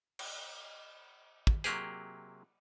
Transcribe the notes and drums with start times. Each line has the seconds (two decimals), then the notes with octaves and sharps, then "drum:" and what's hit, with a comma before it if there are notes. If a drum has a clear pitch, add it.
0.19 drum: cymbal
1.47 drum: kick
1.64 C3 F#3 A#3 G4 G#4, drum: hi-hat